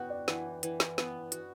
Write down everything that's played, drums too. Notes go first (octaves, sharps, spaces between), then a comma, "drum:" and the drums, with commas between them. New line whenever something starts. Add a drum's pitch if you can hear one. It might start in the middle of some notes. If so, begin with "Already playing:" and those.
Already playing: B3 F#4 F#5 G5
D5
E3, drum: snare
E3, drum: hi-hat
drum: snare
B3, drum: snare
F#4, drum: hi-hat